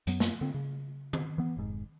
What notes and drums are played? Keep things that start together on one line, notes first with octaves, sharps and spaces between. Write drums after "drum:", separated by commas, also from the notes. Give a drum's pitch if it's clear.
F#2 F#3 B3, drum: hi-hat
drum: snare
D3 C4
C#3
drum: tom D#3
E3 B3
F1 G#2